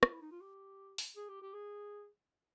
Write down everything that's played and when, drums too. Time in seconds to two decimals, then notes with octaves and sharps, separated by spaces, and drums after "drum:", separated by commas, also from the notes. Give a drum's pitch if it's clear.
0.03 F4, drum: rim click
0.12 E4
0.22 D#4
0.31 F4
0.41 G4
0.98 drum: open hi-hat
1.16 G#4
1.28 G4
1.42 G4
1.54 G#4